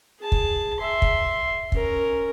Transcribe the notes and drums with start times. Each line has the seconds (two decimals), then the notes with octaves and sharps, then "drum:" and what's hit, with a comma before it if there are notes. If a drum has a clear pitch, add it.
0.19 G#4 A5
0.32 drum: kick
0.80 E5 C6
1.02 drum: kick
1.72 C#4 A#4, drum: kick